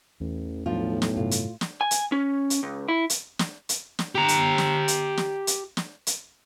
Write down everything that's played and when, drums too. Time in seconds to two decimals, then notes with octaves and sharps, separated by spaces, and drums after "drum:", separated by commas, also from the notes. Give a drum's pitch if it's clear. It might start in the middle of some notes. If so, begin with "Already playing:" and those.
0.20 A1 E2
0.66 B1 A2 F3 D4 F4
1.02 drum: snare
1.17 G2 C3 F4
1.31 drum: hi-hat
1.61 drum: snare
1.81 G#5
1.91 drum: hi-hat
2.12 C#4
2.50 drum: hi-hat
2.63 C#2
2.88 E4
3.10 drum: hi-hat
3.39 drum: snare
3.69 drum: hi-hat
3.99 drum: snare
4.15 G4 A#5
4.28 drum: hi-hat
4.58 drum: snare
4.88 drum: hi-hat
5.17 drum: snare
5.47 drum: hi-hat
5.77 drum: snare
6.07 drum: hi-hat